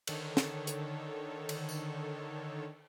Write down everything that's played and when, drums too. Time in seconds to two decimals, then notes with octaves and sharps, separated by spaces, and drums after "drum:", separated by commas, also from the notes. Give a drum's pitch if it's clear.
0.07 D3 D#3 A4 C#5, drum: cymbal
0.37 drum: snare
0.67 drum: hi-hat
1.49 drum: cymbal
1.69 drum: tambourine